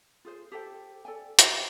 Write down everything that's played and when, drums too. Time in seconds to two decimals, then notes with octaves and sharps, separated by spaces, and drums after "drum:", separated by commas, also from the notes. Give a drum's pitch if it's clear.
0.25 F4 G#4 C5
0.52 G4 A4 C5 G5
1.05 A4 D5 G5 G#5
1.39 F#4 G4 E5 G#5, drum: hi-hat